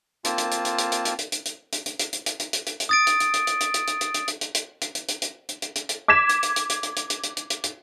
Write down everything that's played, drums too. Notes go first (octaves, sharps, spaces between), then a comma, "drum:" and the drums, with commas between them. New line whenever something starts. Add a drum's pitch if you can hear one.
A#3 C4 F4 A5, drum: hi-hat
drum: hi-hat
drum: hi-hat
drum: hi-hat
drum: hi-hat
drum: hi-hat
drum: hi-hat
drum: hi-hat
drum: hi-hat
drum: hi-hat
drum: hi-hat
drum: hi-hat
drum: hi-hat
drum: hi-hat
drum: hi-hat
drum: hi-hat
drum: hi-hat
drum: hi-hat
drum: hi-hat
D#6 A6 D7
drum: hi-hat
drum: hi-hat
drum: hi-hat
drum: hi-hat
drum: hi-hat
drum: hi-hat
drum: hi-hat
drum: hi-hat
drum: hi-hat
drum: hi-hat
drum: hi-hat
drum: hi-hat
drum: hi-hat
drum: hi-hat
drum: hi-hat
drum: hi-hat
drum: hi-hat
drum: hi-hat
drum: hi-hat
drum: hi-hat
D6 G#6 B6 E7
drum: hi-hat
drum: hi-hat
drum: hi-hat
drum: hi-hat
drum: hi-hat
drum: hi-hat
drum: hi-hat
drum: hi-hat
drum: hi-hat
drum: hi-hat
drum: hi-hat